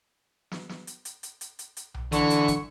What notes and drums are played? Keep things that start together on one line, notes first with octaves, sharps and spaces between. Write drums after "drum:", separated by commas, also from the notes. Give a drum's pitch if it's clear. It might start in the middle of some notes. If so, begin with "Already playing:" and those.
drum: snare
drum: snare
drum: hi-hat
drum: hi-hat
drum: hi-hat
drum: hi-hat
drum: hi-hat
drum: hi-hat
drum: tom B1
D3 E3 C#6, drum: hi-hat
drum: hi-hat
drum: kick, hi-hat